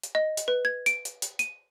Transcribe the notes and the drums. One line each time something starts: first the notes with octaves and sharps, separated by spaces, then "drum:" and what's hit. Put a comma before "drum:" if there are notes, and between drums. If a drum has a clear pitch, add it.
drum: hi-hat
D#5
drum: hi-hat
B4
G#6
D7, drum: hi-hat
drum: hi-hat
drum: hi-hat
D#7, drum: hi-hat